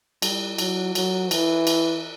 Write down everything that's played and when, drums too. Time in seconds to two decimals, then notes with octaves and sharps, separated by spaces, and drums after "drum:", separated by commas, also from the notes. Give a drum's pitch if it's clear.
0.22 G3, drum: cymbal
0.58 F#3, drum: cymbal
0.95 F#3, drum: cymbal
1.31 E3, drum: cymbal
1.67 drum: cymbal